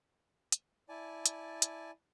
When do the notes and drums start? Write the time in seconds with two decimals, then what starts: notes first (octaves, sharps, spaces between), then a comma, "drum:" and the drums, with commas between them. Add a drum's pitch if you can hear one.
0.52 drum: hi-hat
0.89 E4 D5 G#5 A5
1.26 drum: hi-hat
1.62 drum: hi-hat